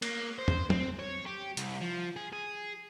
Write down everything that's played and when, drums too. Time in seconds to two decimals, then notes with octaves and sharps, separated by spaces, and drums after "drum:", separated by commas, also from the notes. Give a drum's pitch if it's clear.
0.02 A#3, drum: cymbal
0.39 C5
0.48 drum: tom
0.70 C4, drum: tom
1.00 C#5
1.26 G4
1.57 C2, drum: hi-hat
1.81 F3
2.16 G#4
2.33 G#4